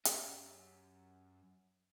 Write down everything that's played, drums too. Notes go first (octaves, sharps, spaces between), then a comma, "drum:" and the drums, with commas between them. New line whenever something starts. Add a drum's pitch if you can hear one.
F#2 C#4 G4, drum: hi-hat